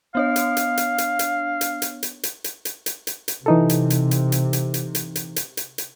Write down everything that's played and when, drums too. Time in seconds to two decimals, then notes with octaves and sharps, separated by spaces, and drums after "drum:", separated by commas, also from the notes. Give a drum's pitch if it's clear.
0.15 B3 D4 C#5 F5
0.36 drum: hi-hat
0.57 drum: hi-hat
0.77 drum: hi-hat
0.98 drum: hi-hat
1.19 drum: hi-hat
1.61 drum: hi-hat
1.82 drum: hi-hat
2.03 drum: hi-hat
2.23 drum: hi-hat
2.44 drum: hi-hat
2.65 drum: hi-hat
2.86 drum: hi-hat
3.07 drum: hi-hat
3.28 drum: hi-hat
3.46 C3 E3 D#4 A4
3.69 drum: hi-hat
3.90 drum: hi-hat
4.11 drum: hi-hat
4.32 drum: hi-hat
4.53 drum: hi-hat
4.74 drum: hi-hat
4.95 drum: hi-hat
5.15 drum: hi-hat
5.36 drum: hi-hat
5.57 drum: hi-hat
5.78 drum: hi-hat